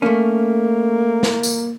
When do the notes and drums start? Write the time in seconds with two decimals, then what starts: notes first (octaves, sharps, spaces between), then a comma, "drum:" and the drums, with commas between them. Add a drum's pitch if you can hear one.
0.02 A3 A#3 C#4
1.23 drum: snare
1.43 drum: tambourine